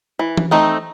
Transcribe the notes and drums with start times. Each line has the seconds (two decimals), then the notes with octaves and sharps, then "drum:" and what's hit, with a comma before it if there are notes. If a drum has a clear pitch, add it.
0.19 E3
0.37 drum: tom E3
0.51 A3 C4 D#4